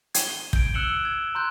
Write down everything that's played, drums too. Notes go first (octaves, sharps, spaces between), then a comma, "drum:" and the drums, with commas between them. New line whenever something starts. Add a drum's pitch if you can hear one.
G#6 D#7 G7, drum: hi-hat
G6 D7, drum: kick
E6 F#6 C#7 E7 F#7 G7
G#6
A#5 C6 F#6 G6